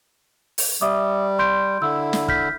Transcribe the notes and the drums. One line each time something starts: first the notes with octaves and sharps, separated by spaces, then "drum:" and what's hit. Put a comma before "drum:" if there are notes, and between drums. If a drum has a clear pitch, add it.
drum: open hi-hat
G3 E5 D6 D#6
C6 G6 D7
D3 E4 E6
drum: snare
F6 G6 B6, drum: kick